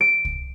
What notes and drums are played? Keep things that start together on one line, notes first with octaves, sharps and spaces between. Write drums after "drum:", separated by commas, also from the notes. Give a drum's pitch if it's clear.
D7
drum: kick C2